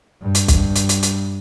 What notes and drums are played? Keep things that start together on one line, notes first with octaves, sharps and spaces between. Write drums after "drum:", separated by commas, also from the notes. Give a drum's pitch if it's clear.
G2
drum: hi-hat
drum: kick B1, hi-hat
drum: hi-hat
drum: hi-hat
drum: hi-hat